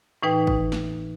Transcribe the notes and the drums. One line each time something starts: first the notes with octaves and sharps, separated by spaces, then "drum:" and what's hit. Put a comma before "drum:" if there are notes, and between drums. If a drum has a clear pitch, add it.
A2 E3 D#4 B4 G5
drum: kick
drum: snare